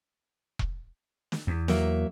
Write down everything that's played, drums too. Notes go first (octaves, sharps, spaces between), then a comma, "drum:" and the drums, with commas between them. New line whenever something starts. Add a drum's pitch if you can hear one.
drum: kick E1
drum: snare
E2
F#3 A#3 E5, drum: snare